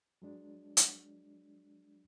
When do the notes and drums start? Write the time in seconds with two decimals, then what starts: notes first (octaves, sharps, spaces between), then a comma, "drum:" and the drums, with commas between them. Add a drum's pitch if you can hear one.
0.22 F#3 G#3 D4
0.77 drum: hi-hat